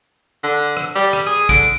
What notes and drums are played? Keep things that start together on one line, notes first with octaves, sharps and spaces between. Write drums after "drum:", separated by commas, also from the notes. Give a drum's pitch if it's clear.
D3
drum: rim click
G3
drum: rim click
G#4
D3 D7, drum: kick, hi-hat